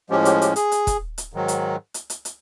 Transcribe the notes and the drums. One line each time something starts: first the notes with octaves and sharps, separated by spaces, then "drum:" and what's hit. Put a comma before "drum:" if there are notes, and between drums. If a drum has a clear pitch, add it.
A2 F3 G#3 C#4 G4
G4, drum: hi-hat
G4, drum: hi-hat
G#4, drum: hi-hat
drum: hi-hat
drum: kick E1, hi-hat
drum: hi-hat
G#2 D#3 F#3
drum: hi-hat
drum: hi-hat
drum: hi-hat
drum: hi-hat